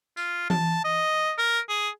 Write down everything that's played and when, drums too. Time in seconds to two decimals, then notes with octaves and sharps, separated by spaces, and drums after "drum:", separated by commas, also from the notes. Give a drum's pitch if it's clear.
0.17 F4, drum: tambourine
0.50 A5, drum: tom E3
0.84 D#5
1.38 A#4
1.69 G#4